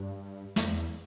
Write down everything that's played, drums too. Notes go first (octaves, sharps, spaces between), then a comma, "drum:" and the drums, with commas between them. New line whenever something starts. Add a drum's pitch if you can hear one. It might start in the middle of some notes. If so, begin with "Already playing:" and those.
Already playing: G2
F2, drum: snare
E2